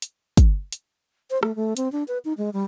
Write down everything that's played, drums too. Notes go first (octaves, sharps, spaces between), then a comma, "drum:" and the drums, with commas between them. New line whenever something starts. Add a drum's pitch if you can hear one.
drum: hi-hat
drum: kick, hi-hat
drum: hi-hat
C5
A3, drum: rim click
A3
C4, drum: hi-hat
D4
B4
D#4
G#3
G3